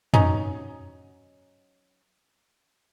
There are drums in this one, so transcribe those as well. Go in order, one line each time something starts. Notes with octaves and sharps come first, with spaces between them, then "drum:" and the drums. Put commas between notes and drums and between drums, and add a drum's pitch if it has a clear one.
F#3 C#4 D#4, drum: tom